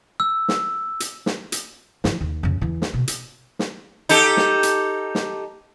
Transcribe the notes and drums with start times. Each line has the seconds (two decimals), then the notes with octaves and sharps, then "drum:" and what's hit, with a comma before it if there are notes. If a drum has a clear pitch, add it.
0.20 E6
0.48 drum: snare
1.00 drum: hi-hat
1.26 drum: snare
1.52 drum: hi-hat
2.04 E3 F3, drum: snare
2.21 D#2
2.43 F2 C#3
2.61 E2 E3
2.82 drum: snare
2.94 B2
3.08 drum: hi-hat
3.59 drum: snare
4.09 D#4 G4 A4, drum: hi-hat
4.37 drum: snare
4.63 drum: hi-hat
5.15 drum: snare